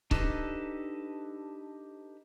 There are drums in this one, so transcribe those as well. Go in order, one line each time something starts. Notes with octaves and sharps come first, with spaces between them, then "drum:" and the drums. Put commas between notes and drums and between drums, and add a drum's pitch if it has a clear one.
D4 D#4 G4 A4 B4 D#5, drum: kick C#1